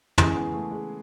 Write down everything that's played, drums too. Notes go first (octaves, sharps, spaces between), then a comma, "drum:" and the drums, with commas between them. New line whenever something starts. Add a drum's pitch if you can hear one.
C#3 E3 G#3 C#4 G#4, drum: tom
B3
A3
G#3